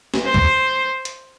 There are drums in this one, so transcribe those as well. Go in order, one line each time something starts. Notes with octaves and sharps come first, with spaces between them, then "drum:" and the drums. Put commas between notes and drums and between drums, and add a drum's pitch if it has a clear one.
drum: snare
C5
drum: kick
drum: hi-hat